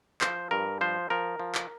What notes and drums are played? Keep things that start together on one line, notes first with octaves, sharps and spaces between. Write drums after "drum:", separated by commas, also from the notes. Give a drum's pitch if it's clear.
F3 C5, drum: clap
G2 A#4
F3 C5
F3 A#4
F3
drum: clap